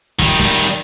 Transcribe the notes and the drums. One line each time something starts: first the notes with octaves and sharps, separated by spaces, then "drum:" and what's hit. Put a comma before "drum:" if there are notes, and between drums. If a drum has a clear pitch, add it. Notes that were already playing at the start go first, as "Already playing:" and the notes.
D#3 G3, drum: kick, hi-hat
drum: snare
drum: hi-hat